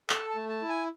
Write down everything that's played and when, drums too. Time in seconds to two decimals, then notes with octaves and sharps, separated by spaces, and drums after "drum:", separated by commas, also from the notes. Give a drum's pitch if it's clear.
0.10 A4 A5, drum: clap
0.30 A5
0.35 A3
0.49 A5
0.62 E4
0.69 G#5